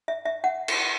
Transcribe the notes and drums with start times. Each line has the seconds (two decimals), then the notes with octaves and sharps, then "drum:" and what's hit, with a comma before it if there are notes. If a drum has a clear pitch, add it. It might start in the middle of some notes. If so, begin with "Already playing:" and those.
0.08 E5
0.25 E5
0.44 F#5
0.68 drum: cymbal